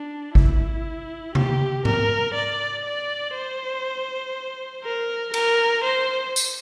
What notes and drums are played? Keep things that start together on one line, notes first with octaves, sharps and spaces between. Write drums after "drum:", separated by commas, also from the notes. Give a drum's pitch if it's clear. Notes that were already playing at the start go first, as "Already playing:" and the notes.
Already playing: D4
E4, drum: kick G#1
G4, drum: tom C3
A#4, drum: tom G#2
D5
D5
C5
A#4
A#4, drum: cymbal
C5
drum: tambourine